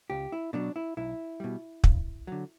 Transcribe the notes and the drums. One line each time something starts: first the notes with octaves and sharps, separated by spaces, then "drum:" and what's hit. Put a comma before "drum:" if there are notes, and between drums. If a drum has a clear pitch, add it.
C#2 G4
E4
B2 F#3 D4
E4
B1 E4
B2 G3
G2, drum: kick
D3 F#3